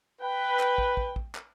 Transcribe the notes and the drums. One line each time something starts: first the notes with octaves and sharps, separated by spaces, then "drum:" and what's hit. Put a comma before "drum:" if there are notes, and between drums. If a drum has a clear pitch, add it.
B4 G5
drum: clap
drum: kick
drum: kick
drum: kick
drum: clap